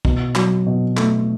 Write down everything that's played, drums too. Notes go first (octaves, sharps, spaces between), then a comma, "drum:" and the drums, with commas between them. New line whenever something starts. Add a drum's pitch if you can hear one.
B2, drum: kick
F#3, drum: clap
B2
A3, drum: clap